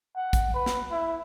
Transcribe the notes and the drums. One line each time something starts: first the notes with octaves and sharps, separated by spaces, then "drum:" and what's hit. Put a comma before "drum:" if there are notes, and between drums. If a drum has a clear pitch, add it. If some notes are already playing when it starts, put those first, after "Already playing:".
F#5
drum: kick, hi-hat
B4
drum: snare
E4